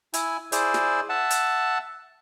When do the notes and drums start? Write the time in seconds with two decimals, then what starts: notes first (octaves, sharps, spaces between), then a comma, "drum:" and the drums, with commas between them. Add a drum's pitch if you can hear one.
0.14 E4 G#5, drum: hi-hat
0.52 E4 G#4 C5 D5, drum: hi-hat
0.74 drum: snare
1.09 E5 F#5 A5
1.30 drum: hi-hat